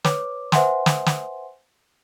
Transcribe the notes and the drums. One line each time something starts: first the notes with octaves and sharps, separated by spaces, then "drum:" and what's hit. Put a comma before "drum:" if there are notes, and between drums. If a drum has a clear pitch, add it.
B4 C#5 D6, drum: snare
B4 C5 E5 F#5 G#5 C6, drum: snare
drum: snare
drum: snare